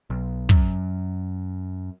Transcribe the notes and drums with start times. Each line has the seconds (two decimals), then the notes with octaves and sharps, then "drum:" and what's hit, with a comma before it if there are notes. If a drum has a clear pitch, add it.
0.10 B1
0.49 F#2, drum: kick